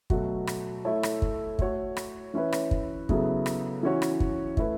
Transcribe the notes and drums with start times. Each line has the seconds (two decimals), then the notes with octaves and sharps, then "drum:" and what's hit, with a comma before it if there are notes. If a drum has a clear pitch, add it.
0.10 B2 F#3 A3 F#4, drum: kick
0.47 drum: rim click
0.85 A3 E4 A4 C#5
1.03 drum: rim click
1.22 drum: kick
1.59 A3 F#4 C#5, drum: kick
1.97 drum: rim click
2.34 E3 C#4 E4 B4
2.52 drum: rim click
2.71 drum: kick
3.09 C#3 F#3 B3 E4 A4, drum: kick
3.46 drum: rim click
3.83 E3 C#4 F#4 C#5
4.02 drum: rim click
4.20 drum: kick
4.57 A3 E4 B4, drum: kick